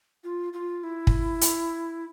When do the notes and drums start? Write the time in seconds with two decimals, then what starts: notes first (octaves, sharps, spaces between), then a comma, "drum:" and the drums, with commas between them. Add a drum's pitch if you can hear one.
0.24 F4
0.53 F4
0.83 E4
1.07 drum: kick
1.41 drum: hi-hat